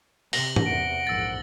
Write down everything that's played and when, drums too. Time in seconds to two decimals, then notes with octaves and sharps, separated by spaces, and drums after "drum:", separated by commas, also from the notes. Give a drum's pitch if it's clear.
0.33 C3 A#6 F#7 G7, drum: open hi-hat
0.56 drum: tom
0.66 E2 C3 F#5 D7
1.07 A#1 F2 G#2 E6 A6